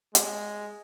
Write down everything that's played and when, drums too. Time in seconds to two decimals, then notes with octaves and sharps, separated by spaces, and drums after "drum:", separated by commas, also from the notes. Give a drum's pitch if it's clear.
0.15 G#3, drum: hi-hat